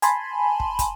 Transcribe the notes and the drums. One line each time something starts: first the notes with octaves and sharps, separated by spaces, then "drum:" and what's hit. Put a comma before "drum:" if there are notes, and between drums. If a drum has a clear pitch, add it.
G#5 A5 B5 C6, drum: hi-hat
drum: kick
drum: kick, hi-hat